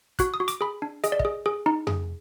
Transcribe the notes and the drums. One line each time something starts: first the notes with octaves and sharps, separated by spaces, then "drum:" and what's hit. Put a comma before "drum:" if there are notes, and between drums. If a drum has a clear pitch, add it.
F#4 F#6, drum: kick, hi-hat
D#6
F#4
D6, drum: hi-hat
G#4 B5
D4
G#4 D#5, drum: hi-hat
D5
D#5, drum: kick
G#4
G#4
D#4
G#4, drum: tom F2